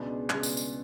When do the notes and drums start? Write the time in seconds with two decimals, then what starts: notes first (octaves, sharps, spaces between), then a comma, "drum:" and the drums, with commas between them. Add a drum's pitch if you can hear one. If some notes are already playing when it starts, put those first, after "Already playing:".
Already playing: C#2 B2 G#3 B3 D4
0.30 C#2 B2 G#3 B3 D4, drum: clap
0.43 drum: tambourine
0.57 drum: tambourine